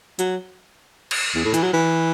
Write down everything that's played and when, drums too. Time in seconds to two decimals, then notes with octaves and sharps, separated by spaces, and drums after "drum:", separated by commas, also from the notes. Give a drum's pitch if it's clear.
0.19 F#3, drum: hi-hat
1.11 drum: cymbal
1.35 E2
1.45 A2
1.54 E3, drum: hi-hat
1.63 F#3
1.73 E3